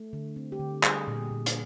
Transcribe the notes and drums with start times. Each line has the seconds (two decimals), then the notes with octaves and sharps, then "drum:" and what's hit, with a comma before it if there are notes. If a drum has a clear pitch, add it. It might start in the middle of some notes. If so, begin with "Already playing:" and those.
Already playing: A3
0.13 D3
0.36 C4
0.52 G4
0.60 D3
0.83 G3 G#4, drum: clap
1.07 A#2
1.30 A#2
1.46 drum: hi-hat